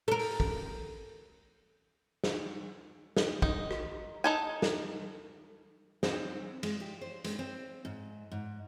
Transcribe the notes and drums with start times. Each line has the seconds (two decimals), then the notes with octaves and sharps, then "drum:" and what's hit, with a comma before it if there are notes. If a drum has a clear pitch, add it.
0.08 A4 A#4
0.19 drum: open hi-hat
0.40 drum: kick
2.24 drum: snare
3.17 drum: snare
3.42 D#4, drum: kick
3.71 drum: rim click
4.24 D#4 A4 G#5
4.62 drum: snare
6.03 C4, drum: snare
6.63 G#3, drum: cymbal
6.80 G4
7.01 C5
7.24 G#3, drum: hi-hat
7.39 C4
7.85 G#2
8.32 G#2